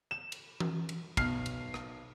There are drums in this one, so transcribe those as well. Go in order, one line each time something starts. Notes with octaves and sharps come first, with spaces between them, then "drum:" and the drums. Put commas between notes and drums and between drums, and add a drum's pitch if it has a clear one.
E7
drum: cymbal
drum: tom E3
drum: cymbal
B1 F6 C7, drum: kick, cymbal
drum: cymbal
drum: rim click